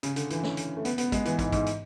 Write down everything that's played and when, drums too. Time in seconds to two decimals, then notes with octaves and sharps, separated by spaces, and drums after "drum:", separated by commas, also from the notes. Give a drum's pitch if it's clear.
0.03 C#3, drum: hi-hat
0.16 D3, drum: hi-hat
0.30 E3, drum: hi-hat
0.43 C#4, drum: snare
0.57 drum: hi-hat
0.77 A3
0.85 B3, drum: hi-hat
0.98 B3, drum: hi-hat
1.12 G#3, drum: kick, hi-hat
1.25 E3, drum: hi-hat
1.39 G#2, drum: kick, hi-hat
1.52 G#2, drum: kick, hi-hat
1.66 drum: hi-hat